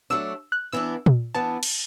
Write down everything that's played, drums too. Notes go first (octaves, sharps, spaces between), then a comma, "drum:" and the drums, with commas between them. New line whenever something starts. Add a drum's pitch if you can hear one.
F#3 A3 D4 E6
F#6
E3 B3 D4 E6
drum: tom A#2
E3 B3 D4 A5
drum: cymbal